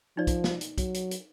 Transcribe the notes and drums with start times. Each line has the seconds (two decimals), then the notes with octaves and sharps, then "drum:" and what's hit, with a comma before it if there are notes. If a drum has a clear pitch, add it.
0.17 F3 D#4 D5
0.27 drum: kick, hi-hat
0.44 drum: snare
0.61 drum: hi-hat
0.78 F#3, drum: kick, hi-hat
0.94 drum: hi-hat
1.11 drum: hi-hat